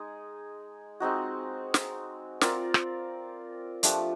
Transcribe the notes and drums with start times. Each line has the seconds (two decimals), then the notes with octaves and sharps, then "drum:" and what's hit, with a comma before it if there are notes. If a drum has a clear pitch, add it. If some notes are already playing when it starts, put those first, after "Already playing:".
Already playing: G#3 D#4 G#4
1.00 G#3 C4 D#4 F#4
1.74 drum: snare
2.41 C4 F4 A#4 D5, drum: snare
2.74 drum: rim click
3.83 F3 A3 D4 G4, drum: hi-hat